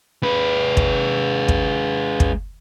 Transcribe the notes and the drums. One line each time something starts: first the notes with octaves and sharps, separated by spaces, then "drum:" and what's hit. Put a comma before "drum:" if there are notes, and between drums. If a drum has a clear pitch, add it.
G#3 B4
drum: kick
drum: kick
drum: kick